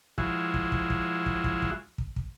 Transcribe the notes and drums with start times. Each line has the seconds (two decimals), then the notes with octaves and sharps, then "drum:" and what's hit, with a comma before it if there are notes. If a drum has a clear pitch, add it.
0.18 F3 G#3 E4 F#4, drum: kick
0.54 drum: kick
0.72 drum: kick
0.90 drum: kick
1.26 drum: kick
1.44 drum: kick
1.62 drum: kick
1.98 drum: kick
2.16 drum: kick